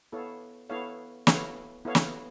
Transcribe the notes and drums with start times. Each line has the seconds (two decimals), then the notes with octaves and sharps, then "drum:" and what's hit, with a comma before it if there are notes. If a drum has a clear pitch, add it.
0.12 B3 E4 A4 C#5 F5
0.70 B3 E4 A4 C#5 F5
1.27 B3 E4 A4 C#5 F5, drum: snare
1.85 B3 E4 A4 C#5 F5
1.95 drum: snare